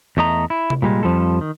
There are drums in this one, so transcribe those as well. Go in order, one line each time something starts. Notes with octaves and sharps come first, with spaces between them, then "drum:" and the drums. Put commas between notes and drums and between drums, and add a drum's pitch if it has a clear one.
E2 A3 D#5 A#5
E4
drum: tom C3
A#2 G3 G#3
F2 F3 G3 A4
D#3